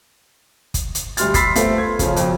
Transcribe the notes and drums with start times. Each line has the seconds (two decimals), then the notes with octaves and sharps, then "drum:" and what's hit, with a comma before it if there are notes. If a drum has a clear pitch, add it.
0.74 drum: kick, hi-hat
0.95 drum: hi-hat
1.17 D2 G3 C6 F6 A6, drum: hi-hat
1.34 B5 C6 E6 A6 B6 C7, drum: kick, hi-hat
1.56 A3 B3 C4 F4 A4, drum: hi-hat
1.77 C6 G#6
1.99 C#3 F3 C#4, drum: kick, hi-hat
2.16 F2 B2, drum: hi-hat